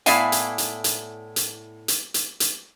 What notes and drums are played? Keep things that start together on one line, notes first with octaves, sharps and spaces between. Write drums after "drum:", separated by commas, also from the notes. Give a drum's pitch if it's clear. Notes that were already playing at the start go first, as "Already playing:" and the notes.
A2 B3 E4 D5 F5 G#5, drum: hi-hat
drum: hi-hat
drum: hi-hat
drum: hi-hat
drum: hi-hat
drum: hi-hat
drum: hi-hat
drum: hi-hat